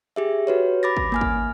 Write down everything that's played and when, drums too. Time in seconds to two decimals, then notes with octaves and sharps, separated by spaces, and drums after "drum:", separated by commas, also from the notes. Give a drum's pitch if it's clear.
0.16 G4 G#4 E5
0.47 F#4 B4 C#5
0.83 B5 D6 A6 A#6
0.97 drum: kick
1.12 A#3 G#5 F6
1.21 drum: kick